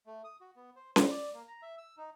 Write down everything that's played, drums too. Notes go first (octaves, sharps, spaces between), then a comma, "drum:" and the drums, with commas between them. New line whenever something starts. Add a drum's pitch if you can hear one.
A3
D#6
F#4
B3
C5
G3, drum: snare C#4
D5
A#3
A#5
E5
E6
D#4